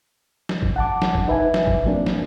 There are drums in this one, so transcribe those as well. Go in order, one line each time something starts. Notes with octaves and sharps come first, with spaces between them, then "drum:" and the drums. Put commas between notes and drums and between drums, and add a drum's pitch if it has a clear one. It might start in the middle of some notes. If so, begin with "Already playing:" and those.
drum: snare
drum: kick F#1
F#5 A5 D6
drum: snare
drum: kick F#1
D#4 B4 E5 G#5
drum: snare
drum: kick F#1
F#3 A#3 C4 D4
drum: snare